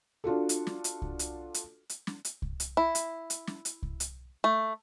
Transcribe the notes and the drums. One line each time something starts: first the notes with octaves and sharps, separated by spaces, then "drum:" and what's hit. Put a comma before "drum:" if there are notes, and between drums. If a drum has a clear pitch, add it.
D4 F4 F#4 A4
drum: hi-hat
drum: snare
drum: hi-hat
drum: kick C2
drum: hi-hat
drum: hi-hat
drum: hi-hat
drum: snare
drum: hi-hat
drum: kick C2
drum: hi-hat
E4
drum: hi-hat
drum: hi-hat
drum: snare
drum: hi-hat
drum: kick C2
drum: hi-hat
A3